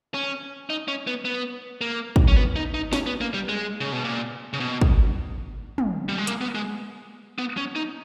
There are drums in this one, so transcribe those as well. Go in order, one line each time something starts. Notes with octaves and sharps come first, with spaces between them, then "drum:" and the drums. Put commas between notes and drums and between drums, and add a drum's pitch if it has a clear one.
C#4
D#4
C#4
B3
B3
A#3
drum: kick
C#4
B3
D#4
D#4
C#4, drum: snare
B3
A#3
G3
G#3
C#3
B2
A#2
C#3
B2
drum: kick
drum: tom
G3
G#3
A#3, drum: hi-hat
B3
G#3
B3
C#4
D#4